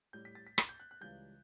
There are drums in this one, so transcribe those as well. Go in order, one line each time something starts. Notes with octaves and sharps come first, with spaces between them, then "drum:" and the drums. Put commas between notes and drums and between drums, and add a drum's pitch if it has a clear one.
A2 G3 G6
B6
A6
B6
A6, drum: rim click
G6
F#6
F#6
C#2 C#3 E3 G3 G6